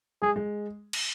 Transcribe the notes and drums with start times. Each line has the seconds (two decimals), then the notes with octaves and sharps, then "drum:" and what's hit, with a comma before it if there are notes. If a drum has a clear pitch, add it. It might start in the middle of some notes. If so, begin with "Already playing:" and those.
0.22 G#3 G#4
0.36 G#3
0.93 drum: cymbal